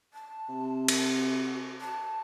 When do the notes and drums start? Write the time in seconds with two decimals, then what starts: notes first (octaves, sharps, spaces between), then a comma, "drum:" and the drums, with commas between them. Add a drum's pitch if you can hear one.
0.14 A5
0.49 C3
0.88 drum: cymbal
1.16 F#4
1.81 A5